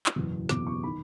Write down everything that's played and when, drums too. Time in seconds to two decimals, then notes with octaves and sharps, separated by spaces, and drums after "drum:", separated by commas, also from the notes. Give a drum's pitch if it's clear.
0.06 drum: clap
0.16 F#1 E2 B2
0.49 F#1 E2 B2 D6, drum: snare
0.67 C#6
0.84 D#3 B5